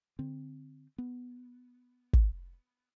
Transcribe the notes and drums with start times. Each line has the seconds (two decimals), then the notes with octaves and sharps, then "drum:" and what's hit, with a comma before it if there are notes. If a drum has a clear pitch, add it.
0.19 D3 C4
0.98 B3
2.13 drum: kick